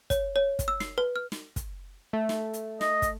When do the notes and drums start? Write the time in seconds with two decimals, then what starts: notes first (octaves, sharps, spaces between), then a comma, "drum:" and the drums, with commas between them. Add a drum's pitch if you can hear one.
0.10 C#5, drum: kick, hi-hat
0.36 C#5
0.59 drum: kick, hi-hat
0.68 E6
0.80 C7, drum: snare
0.98 B4
1.16 F6
1.32 drum: snare
1.56 drum: kick, hi-hat
2.13 A3
2.29 drum: snare
2.53 drum: hi-hat
2.81 D#5, drum: snare
3.02 drum: kick, hi-hat